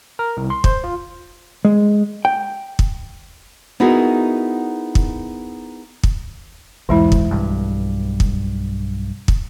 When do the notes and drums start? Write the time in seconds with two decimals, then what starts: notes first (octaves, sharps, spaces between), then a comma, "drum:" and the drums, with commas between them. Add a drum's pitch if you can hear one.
0.19 A#4
0.37 C2
0.50 C6
0.64 C5, drum: kick
0.84 F4
1.65 G#3
2.25 G5
2.79 drum: kick
3.80 B3 D#4 E4 F#4 G#4 A#4
4.95 drum: kick
6.03 drum: kick
6.89 B1 E2 G#2 E3 G#3 E4
7.12 drum: kick
7.31 B1 G2
8.20 drum: kick
9.28 drum: kick